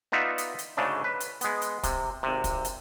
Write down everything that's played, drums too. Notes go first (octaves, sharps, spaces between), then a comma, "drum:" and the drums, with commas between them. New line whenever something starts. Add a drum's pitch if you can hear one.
B3 D#4 F4 D5 E5 F#5
drum: hi-hat
drum: hi-hat
D2 G#2 C#3 A3 D4
B4
drum: hi-hat
G#3 B3, drum: hi-hat
drum: hi-hat
C3, drum: kick, hi-hat
G#1 C3
drum: kick, hi-hat
drum: hi-hat